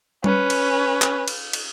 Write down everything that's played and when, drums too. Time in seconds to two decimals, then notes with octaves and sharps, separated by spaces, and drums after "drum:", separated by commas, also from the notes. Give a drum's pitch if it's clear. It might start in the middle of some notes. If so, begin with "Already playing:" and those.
0.24 C#4 B4, drum: tom G3
0.50 drum: cymbal
1.02 drum: clap
1.28 drum: cymbal
1.53 drum: cymbal